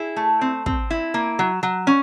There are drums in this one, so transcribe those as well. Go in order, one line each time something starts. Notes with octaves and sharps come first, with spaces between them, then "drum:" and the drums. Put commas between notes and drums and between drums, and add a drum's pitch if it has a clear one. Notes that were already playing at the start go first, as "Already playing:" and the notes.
Already playing: E4 G#4
A3
C4
C4, drum: kick
E4
A#3
F#3
F#3
C#4